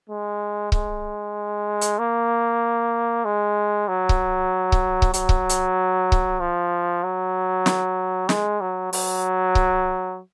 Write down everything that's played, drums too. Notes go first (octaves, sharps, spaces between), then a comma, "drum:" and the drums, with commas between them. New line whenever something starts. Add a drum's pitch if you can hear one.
G#3
G#3, drum: kick C#1
drum: hi-hat
A#3
G#3
F#3
drum: kick C#1
drum: kick C#1
drum: kick C#1
F#3, drum: hi-hat
drum: kick C#1
drum: hi-hat
drum: kick C#1
F3
F#3
drum: snare
G#3, drum: snare
F#3
F#3, drum: open hi-hat
drum: kick C#1